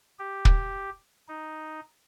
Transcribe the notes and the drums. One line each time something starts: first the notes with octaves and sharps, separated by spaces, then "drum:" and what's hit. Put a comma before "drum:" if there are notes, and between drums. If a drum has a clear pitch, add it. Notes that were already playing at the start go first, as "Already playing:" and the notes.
G4
drum: kick
D#4